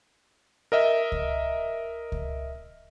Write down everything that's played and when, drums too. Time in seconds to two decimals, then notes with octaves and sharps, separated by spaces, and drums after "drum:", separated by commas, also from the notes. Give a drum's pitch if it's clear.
0.72 A#4 D#5 E5
1.12 drum: kick C#2
2.12 drum: kick C#2